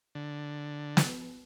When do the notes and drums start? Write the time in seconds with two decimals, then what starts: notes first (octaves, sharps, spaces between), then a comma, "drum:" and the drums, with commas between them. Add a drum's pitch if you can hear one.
0.15 D3
0.97 drum: snare